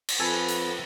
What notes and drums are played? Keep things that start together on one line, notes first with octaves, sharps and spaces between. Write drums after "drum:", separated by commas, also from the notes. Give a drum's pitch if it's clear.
drum: cymbal
F2 A4 B4 G#5
drum: hi-hat